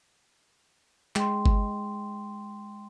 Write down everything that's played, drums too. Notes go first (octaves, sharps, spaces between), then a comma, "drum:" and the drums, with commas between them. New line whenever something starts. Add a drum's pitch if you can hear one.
G#3 G5 C6, drum: clap
drum: kick G1